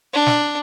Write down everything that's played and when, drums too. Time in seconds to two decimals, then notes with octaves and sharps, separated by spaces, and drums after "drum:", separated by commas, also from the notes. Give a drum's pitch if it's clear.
0.13 D4
0.26 drum: snare